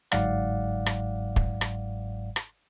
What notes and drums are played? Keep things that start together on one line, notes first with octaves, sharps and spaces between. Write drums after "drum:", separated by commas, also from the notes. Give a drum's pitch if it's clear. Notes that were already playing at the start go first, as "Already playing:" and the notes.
G1 G#2 F#3 D5 F5 F#5, drum: rim click
drum: rim click
drum: kick
drum: rim click
drum: rim click